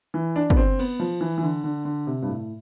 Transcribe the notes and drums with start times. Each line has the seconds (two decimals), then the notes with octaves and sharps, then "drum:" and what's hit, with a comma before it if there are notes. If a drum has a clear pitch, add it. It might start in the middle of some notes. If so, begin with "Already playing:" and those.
0.14 E3
0.36 D4
0.50 B3, drum: kick
0.57 C4
0.79 B3, drum: cymbal
1.00 F3
1.21 E3
1.38 E3
1.43 D3
1.64 D3
1.85 D3
2.07 C3
2.22 G2
2.28 A2